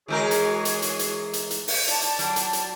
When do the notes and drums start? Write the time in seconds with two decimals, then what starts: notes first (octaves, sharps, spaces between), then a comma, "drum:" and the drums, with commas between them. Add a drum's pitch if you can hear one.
0.08 E3 G#3 F#4 G#4 A#4 C#5
0.31 drum: hi-hat
0.65 drum: hi-hat
0.82 drum: hi-hat
0.99 drum: hi-hat
1.33 drum: hi-hat
1.51 drum: hi-hat
1.68 drum: open hi-hat
1.87 D5 A5, drum: hi-hat
2.02 drum: hi-hat
2.19 F#3, drum: hi-hat
2.36 drum: hi-hat
2.53 drum: hi-hat